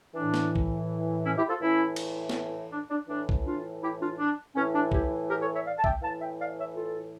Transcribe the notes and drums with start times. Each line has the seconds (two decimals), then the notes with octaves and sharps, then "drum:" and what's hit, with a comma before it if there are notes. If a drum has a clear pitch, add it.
0.14 A2 E3 D4
0.34 drum: snare
0.55 drum: kick C2
1.24 C#4 E4
1.37 E4 G4
1.49 F4 A4
1.61 A2 E3 C#4 E4
1.96 drum: cymbal
2.29 drum: snare
2.71 D4
2.90 D4
3.08 A2 E3 D4
3.29 drum: kick C2
3.45 D4 F4
3.81 E4 G4
4.00 D4 F4
4.19 D4
4.55 A2 E3 C#4
4.73 D4
4.91 E4 G4, drum: kick C2
5.29 G4 A#4
5.41 A4 C#5
5.54 C#5 E5
5.65 D5 F5
5.78 A5
5.84 E5 G5, drum: kick C2
6.02 A2 E3 F5 A5
6.20 E5 G5
6.39 D5 F5
6.58 C#5 E5
6.76 F4 A4